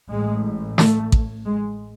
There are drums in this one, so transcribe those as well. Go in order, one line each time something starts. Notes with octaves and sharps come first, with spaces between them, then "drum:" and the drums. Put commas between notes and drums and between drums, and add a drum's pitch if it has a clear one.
A1 A2 G#3
A3, drum: snare
drum: kick A1
G#3